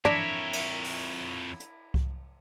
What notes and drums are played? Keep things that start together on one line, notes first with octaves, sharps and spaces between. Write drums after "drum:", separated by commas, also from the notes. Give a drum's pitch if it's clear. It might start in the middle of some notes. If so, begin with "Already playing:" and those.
F2 D4 E4 A#4 C#5 E5, drum: tom
drum: cymbal
drum: open hi-hat
drum: hi-hat
drum: kick C2